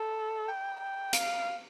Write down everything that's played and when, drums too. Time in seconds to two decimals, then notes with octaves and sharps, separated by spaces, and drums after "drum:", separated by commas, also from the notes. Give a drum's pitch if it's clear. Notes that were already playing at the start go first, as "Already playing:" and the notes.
Already playing: A4
0.48 G5
0.80 G5
1.13 F5, drum: hi-hat